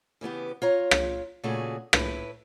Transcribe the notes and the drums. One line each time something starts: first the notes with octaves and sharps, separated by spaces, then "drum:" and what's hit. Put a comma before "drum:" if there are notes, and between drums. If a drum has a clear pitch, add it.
C#3 E3 B3 G4
F4 C#5 A#5
drum: rim click
A#2 C#3 A3 F#4 G#4
A2 E4 B4, drum: rim click